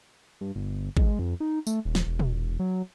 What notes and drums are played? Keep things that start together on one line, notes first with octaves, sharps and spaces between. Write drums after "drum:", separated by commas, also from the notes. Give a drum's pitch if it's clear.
G2
G1
G#3, drum: kick G#1
F2
D#4
A3, drum: tambourine
D#1
drum: snare
E1
drum: tom A#2
F#3